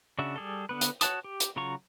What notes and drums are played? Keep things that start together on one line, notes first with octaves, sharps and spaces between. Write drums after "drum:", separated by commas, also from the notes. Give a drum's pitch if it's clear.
C#3 D4 F#4 E5
G3 G#4 A4
D3 B3 B4
drum: hi-hat
F#4 C#5 F#5 A5 D#6, drum: hi-hat
G4
drum: hi-hat
C#3 F#3 F4 A#5 C#6